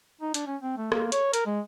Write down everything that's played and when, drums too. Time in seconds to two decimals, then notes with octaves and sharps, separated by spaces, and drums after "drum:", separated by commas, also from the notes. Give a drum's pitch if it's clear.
0.21 D#4
0.34 D4, drum: hi-hat
0.47 C#4
0.62 C4
0.78 A3
0.92 A#3, drum: rim click
1.12 C#5, drum: hi-hat
1.33 A#4, drum: hi-hat
1.46 G#3